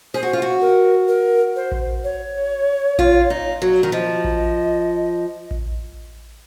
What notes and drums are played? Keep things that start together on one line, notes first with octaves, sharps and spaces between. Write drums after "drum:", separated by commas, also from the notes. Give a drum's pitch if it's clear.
G#4 C5
F#4
F4
F#4
A#4
A#4
C5
drum: kick A1
C#5
F4, drum: kick A1
D#4
F#3
D#3
F3 D#5
drum: kick A1
drum: kick A1